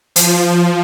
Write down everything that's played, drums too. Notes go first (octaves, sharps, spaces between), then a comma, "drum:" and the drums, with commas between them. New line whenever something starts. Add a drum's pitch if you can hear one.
F3, drum: hi-hat